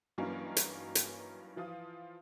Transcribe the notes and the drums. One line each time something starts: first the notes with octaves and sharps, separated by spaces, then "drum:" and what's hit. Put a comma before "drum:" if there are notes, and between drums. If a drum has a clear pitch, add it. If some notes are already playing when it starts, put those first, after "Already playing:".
G2 E3 F#3 A#3 C#4 D#4
drum: hi-hat
drum: hi-hat
E3 F3 F4 D#6